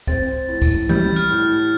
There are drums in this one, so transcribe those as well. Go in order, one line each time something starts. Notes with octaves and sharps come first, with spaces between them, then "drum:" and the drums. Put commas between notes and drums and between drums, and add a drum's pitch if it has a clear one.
C4 A6, drum: kick, tambourine
A2
drum: kick, tambourine
G3 G6, drum: tom E3
F6, drum: tambourine
A2